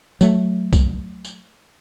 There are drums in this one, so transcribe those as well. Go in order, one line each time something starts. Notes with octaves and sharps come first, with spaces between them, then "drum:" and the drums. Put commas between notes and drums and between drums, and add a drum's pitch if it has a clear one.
F#3 A3, drum: tambourine
drum: kick C2, tambourine
drum: tambourine